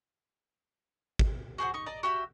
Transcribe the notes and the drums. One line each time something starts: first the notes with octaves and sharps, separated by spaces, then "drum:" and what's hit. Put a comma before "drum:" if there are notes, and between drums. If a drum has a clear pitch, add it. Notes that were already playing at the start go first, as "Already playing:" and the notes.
drum: kick G#1
F#4 G#4 C5 F#5
D#4 C#6
D5 D#5 A#5
F#4 G4 E5